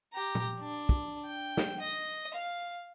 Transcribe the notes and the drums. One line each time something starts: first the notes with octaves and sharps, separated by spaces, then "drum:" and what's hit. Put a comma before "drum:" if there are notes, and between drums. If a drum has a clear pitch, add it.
G4 A#5
drum: tom A#2
D4
drum: kick
G5
drum: snare
D#5
F5